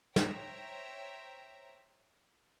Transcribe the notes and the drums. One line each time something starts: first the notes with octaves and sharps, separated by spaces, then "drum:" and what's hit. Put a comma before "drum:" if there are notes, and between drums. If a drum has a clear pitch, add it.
C5 C#5 E5 G5 A#5, drum: snare